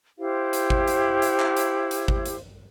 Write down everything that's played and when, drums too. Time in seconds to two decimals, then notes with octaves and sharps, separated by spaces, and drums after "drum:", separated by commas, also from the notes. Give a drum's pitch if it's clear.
0.19 E4 G4 C5 F5
0.53 drum: hi-hat
0.70 drum: kick G#1
0.88 drum: hi-hat
1.22 drum: hi-hat
1.39 drum: clap
1.57 drum: hi-hat
1.91 drum: hi-hat
2.08 drum: kick G#1
2.26 drum: hi-hat